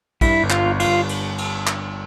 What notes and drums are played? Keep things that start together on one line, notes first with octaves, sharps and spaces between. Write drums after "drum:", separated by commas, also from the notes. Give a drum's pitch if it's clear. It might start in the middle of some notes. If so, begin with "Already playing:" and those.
G2 E4, drum: kick, cymbal
G1
F4, drum: clap
G1
F4, drum: cymbal
G1
drum: cymbal
drum: cymbal
drum: clap